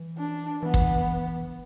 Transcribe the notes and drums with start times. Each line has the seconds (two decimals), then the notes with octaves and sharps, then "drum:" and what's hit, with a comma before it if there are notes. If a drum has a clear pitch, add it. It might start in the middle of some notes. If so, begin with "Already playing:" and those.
Already playing: E3
0.18 D4
0.63 E3 B3
0.74 drum: kick